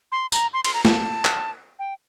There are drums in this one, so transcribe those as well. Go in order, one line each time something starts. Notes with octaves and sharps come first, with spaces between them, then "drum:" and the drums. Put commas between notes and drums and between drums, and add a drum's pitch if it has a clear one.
C6
A#5, drum: tambourine
C6
C6, drum: cymbal
A#5
A5, drum: snare
drum: clap
G5